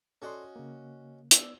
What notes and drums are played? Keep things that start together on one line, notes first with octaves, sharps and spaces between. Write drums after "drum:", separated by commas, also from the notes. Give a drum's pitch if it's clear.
C#4 F#4 A4 D5 D#5 C6
C#3 A#3
B3 D5 E6, drum: hi-hat